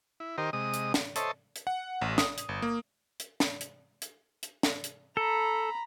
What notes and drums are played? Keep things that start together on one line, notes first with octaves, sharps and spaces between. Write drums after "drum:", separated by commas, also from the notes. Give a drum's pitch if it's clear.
E4
D#3 G4 A#4 C5 D#5
C3 G#3 D#5 D#6
drum: hi-hat
drum: snare
A4 C5 C#5 D#5 E5 A5, drum: hi-hat
drum: hi-hat
F#5
A1
D#6, drum: snare
drum: hi-hat
G1
A#3
drum: hi-hat
drum: snare
drum: hi-hat
drum: hi-hat
drum: hi-hat
drum: snare
drum: hi-hat
A4 A#5 B5